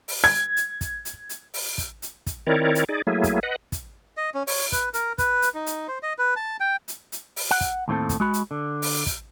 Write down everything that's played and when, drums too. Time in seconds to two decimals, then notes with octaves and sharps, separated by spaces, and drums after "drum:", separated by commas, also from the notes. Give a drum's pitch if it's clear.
0.08 drum: open hi-hat
0.24 G#6
0.57 drum: hi-hat
0.81 drum: kick, hi-hat
1.05 drum: hi-hat
1.29 drum: hi-hat
1.54 drum: open hi-hat
1.78 drum: kick, hi-hat
2.02 drum: hi-hat
2.27 drum: kick, hi-hat
2.47 D#3 C4 E4 A#4 C#5 D5
2.75 drum: hi-hat
2.89 D#4 G#4 D5
3.07 F#3 A3 A#3 E4 G#4
3.24 drum: kick, hi-hat
3.43 B4 D#5 F#5
3.72 drum: kick, hi-hat
4.17 D#5
4.34 C#4
4.47 C#5, drum: open hi-hat
4.72 B4, drum: kick, hi-hat
4.94 A#4, drum: hi-hat
5.18 B4, drum: kick, hi-hat
5.42 drum: hi-hat
5.54 D#4
5.66 drum: hi-hat
5.88 C5
6.03 D#5
6.18 B4
6.36 A5
6.60 G5
6.88 drum: hi-hat
7.12 drum: hi-hat
7.36 drum: open hi-hat
7.51 F#5
7.61 drum: kick, hi-hat
7.88 D#2 A2 C4 A4
8.09 drum: kick, hi-hat
8.20 G#3 F#4 B5
8.34 drum: hi-hat
8.51 D3
8.82 drum: open hi-hat
9.06 drum: kick, hi-hat